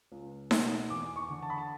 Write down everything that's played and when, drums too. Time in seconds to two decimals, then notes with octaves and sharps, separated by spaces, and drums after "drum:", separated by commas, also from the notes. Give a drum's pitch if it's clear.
0.12 C#2
0.51 B2, drum: snare D#4
0.90 E2 D6
1.16 C#6
1.29 D3
1.42 A5
1.50 B5
1.58 A5